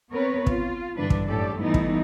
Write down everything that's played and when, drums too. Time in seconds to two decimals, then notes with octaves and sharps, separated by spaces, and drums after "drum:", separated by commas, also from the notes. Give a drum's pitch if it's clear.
0.11 B3 C4 A#4 B4 C#5
0.47 F4, drum: kick
0.97 G2 D3 E3 D4 B4
1.10 drum: kick
1.27 F#2 A2 E3 G4 A4 D5
1.61 E3 G3 A3 B3 D#4 E4
1.74 drum: kick